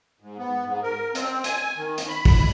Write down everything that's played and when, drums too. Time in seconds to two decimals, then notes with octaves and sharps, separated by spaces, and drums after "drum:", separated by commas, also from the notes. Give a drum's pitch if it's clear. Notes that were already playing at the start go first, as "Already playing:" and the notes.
0.20 G#2
0.38 B3
0.65 G#2
0.83 A#4
1.15 C4, drum: hi-hat
1.44 G#5, drum: hi-hat
1.77 D#3
1.98 drum: hi-hat
2.08 B5
2.25 drum: kick, open hi-hat